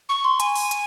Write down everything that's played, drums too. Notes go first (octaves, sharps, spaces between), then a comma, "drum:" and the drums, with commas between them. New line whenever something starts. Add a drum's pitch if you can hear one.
C#6
C6
G#5, drum: hi-hat
drum: open hi-hat
drum: hi-hat